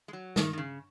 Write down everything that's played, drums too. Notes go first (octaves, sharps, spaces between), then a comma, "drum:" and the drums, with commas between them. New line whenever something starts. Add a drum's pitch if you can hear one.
G#3
F#3
D#3, drum: snare
D#3
C#3